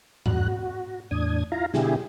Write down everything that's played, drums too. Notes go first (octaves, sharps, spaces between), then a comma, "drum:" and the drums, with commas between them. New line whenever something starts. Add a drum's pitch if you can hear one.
E2 G2 F#4 F#6, drum: tom G#2
F#4
E2 A2 D4 D#6 G#6
E4 F4 F5 A#5
B2 D3 E4 G4 G#4, drum: snare